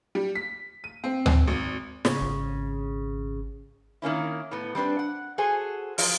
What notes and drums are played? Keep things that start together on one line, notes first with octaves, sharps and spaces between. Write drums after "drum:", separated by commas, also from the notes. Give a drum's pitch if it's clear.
G3
B6
D#7
C4
drum: tom D2
G#1
C#3, drum: snare
G#1
D#3 A#3 C#4 E4
A2 B3
G3 C4 D4 B4
F#5
F#4 G#4 A4 C5 G#5
F3 F#3 F4 G#4, drum: open hi-hat